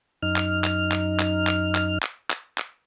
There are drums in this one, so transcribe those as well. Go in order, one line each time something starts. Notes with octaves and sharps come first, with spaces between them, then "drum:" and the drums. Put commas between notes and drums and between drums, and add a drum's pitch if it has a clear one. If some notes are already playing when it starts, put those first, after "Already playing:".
F#2 D#4 F6
drum: clap
drum: clap
drum: clap
drum: clap
drum: clap
drum: clap
drum: clap
drum: clap
drum: clap